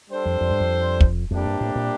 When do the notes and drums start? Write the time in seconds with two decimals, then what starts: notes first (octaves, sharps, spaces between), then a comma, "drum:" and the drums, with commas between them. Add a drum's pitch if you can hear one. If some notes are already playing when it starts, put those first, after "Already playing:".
0.10 G3 D4 A4 C5
0.25 F2
0.41 F2
0.50 G2
0.60 F2
1.01 drum: kick
1.30 F2 C3 G3 A#3 D4 G4
1.45 G2
1.61 A2
1.76 A#2